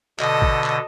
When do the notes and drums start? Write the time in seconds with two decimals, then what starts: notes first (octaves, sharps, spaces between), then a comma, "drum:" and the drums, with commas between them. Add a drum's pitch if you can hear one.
0.20 B2 D3 A4 D#5, drum: clap
0.42 drum: kick G#1
0.64 drum: clap